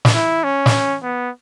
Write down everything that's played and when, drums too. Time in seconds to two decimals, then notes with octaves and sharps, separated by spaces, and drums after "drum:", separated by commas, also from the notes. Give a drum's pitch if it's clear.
0.05 drum: snare
0.14 E4
0.44 C#4
0.66 drum: snare
1.03 B3